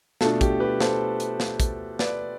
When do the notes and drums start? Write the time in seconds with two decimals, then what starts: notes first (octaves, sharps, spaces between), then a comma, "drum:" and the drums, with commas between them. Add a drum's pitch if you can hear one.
0.21 B2 A3 D4 F4 A4, drum: snare
0.41 G4, drum: kick, hi-hat
0.60 G4 B4
0.80 A4 C5, drum: snare
1.20 drum: hi-hat
1.40 drum: snare
1.60 drum: kick, hi-hat
1.99 B4 D5, drum: snare